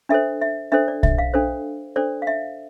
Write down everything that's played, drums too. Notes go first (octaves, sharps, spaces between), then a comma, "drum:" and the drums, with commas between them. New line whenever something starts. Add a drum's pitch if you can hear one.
D4 A4 C5 E5
E5
D4 A4 C5 E5
D5
E5, drum: kick
F5
D4 A4 C5
D4 A4 C5 D5
F5
E5